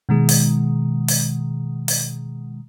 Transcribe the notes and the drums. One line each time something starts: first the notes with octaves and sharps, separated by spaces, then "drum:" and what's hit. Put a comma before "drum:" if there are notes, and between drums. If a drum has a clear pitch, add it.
B2 D#3 G#3
drum: open hi-hat
drum: open hi-hat
drum: open hi-hat